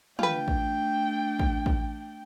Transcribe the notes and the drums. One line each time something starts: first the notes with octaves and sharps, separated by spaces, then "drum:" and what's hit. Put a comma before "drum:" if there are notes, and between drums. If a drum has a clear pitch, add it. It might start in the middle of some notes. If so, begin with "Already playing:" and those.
A3 D4 F4 B4 G5, drum: tom
drum: kick A1
drum: kick A1
drum: kick A1